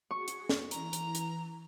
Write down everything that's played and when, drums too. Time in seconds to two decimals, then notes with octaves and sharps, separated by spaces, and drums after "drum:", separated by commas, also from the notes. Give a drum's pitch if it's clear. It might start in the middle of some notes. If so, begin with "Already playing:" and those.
0.11 F#4 G#4 C#6
0.28 drum: hi-hat
0.49 drum: snare
0.71 E3 A#5, drum: hi-hat
0.93 drum: hi-hat
1.15 drum: hi-hat